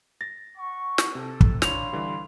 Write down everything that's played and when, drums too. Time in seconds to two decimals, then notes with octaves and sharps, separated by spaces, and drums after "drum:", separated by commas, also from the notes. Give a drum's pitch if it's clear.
0.21 A6 A#6
0.57 F#5 C#6
0.98 drum: snare
1.15 C3 A4
1.41 drum: kick
1.62 D4 C#5 F5 B5 C6 F7, drum: snare
1.93 D3 E3 G3